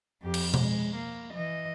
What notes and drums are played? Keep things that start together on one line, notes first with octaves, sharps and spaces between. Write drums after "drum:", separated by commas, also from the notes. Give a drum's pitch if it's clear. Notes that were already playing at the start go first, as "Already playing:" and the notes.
F2 G4
drum: cymbal
G#3, drum: tom B2
A#3
E3 D#5